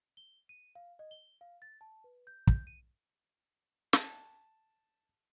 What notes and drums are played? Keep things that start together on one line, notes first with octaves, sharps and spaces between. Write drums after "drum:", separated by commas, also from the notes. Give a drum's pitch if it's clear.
G7
D#7
F5
D#5
G7
F5
A6
A5
B4
G6
G6, drum: kick
D#7
A5, drum: snare